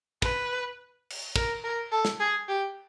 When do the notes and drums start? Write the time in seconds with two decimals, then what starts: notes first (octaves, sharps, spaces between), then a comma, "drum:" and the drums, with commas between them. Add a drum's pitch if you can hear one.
0.22 B4, drum: kick
1.10 drum: cymbal
1.36 A#4, drum: kick
1.64 A#4
1.92 A4
2.05 drum: snare
2.20 G#4
2.48 G4